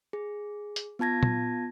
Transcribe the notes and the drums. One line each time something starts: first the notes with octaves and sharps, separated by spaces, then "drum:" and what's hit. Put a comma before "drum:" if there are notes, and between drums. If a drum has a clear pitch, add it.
G#4
drum: hi-hat
B3 F4 A5 G#6 A#6
drum: tom